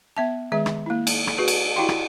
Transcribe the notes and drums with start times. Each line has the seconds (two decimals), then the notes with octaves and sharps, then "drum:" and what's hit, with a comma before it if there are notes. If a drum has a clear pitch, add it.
0.17 B3 E5 A5
0.52 D#3 G#3 G#4 E5
0.66 drum: rim click
0.86 A#3 E4
1.07 drum: cymbal
1.27 drum: rim click
1.38 F#4 G#4 B4
1.48 drum: cymbal
1.76 E4 F#4 G4 F5 G5 C6
1.89 drum: rim click